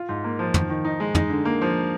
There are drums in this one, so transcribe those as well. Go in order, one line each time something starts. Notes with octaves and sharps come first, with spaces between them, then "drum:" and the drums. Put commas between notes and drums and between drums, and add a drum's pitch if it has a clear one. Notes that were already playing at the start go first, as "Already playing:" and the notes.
Already playing: F4
G#2
A#3
F3
D#3, drum: tom
D#3
D#4
G#3
D#4, drum: tom
D3
A#3
F3